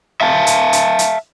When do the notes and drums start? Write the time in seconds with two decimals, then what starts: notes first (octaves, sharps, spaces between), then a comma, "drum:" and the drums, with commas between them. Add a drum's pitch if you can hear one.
0.21 E5 F5 A5
0.47 drum: hi-hat
0.73 drum: hi-hat
0.99 drum: hi-hat